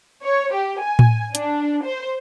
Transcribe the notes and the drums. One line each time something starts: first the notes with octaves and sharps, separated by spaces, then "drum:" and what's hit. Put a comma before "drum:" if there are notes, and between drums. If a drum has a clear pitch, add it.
C#5
G4
G#5
drum: tom A2
D4, drum: hi-hat
C5